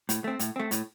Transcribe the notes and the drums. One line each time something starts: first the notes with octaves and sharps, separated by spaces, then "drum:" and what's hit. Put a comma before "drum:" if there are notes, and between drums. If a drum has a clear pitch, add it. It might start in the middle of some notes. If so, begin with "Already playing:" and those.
A2, drum: hi-hat
A3 C4
A2, drum: hi-hat
A3 C4
A2, drum: hi-hat